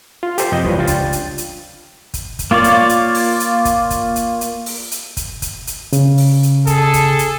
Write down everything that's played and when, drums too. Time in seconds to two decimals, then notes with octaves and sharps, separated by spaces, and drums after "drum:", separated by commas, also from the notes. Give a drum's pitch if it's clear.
0.23 F4
0.38 G4 A4 C5, drum: hi-hat
0.52 F2 C3 D#5 G6
0.64 E3 F3 G3 B4 C#5, drum: kick
0.78 C#2 D4 F4 G5 A6
0.87 drum: kick, hi-hat
1.13 drum: hi-hat
1.38 drum: hi-hat
2.14 drum: kick, hi-hat
2.39 drum: kick, hi-hat
2.51 A#3 F4 C#5 D5
2.64 drum: hi-hat
2.89 drum: hi-hat
3.15 drum: open hi-hat
3.40 drum: hi-hat
3.65 drum: kick, hi-hat
3.90 drum: kick, hi-hat
4.16 drum: hi-hat
4.41 drum: hi-hat
4.66 drum: open hi-hat
4.91 drum: hi-hat
5.17 drum: kick, hi-hat
5.42 drum: kick, hi-hat
5.67 drum: hi-hat
5.93 C#3, drum: hi-hat
6.18 drum: open hi-hat
6.43 drum: hi-hat
6.67 G#4 A4, drum: kick, hi-hat
6.94 drum: kick, hi-hat
7.19 drum: hi-hat